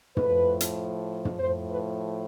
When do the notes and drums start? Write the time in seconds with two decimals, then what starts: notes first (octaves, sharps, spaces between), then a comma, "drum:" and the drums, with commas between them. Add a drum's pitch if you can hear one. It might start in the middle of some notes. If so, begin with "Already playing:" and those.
0.17 A2 F3 B4, drum: tom
0.61 drum: hi-hat
1.25 drum: tom
1.39 A2 F3 C5
1.70 B4